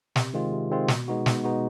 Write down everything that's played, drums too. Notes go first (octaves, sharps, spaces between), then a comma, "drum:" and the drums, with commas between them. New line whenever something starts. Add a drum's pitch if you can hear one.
C3, drum: snare
D#3 G#3 C4 F4
C3
D#3 G#3 C4 F4
B2, drum: snare
G#3 B3 D#4 F#4
B2, drum: snare
G#3 B3 D#4 F#4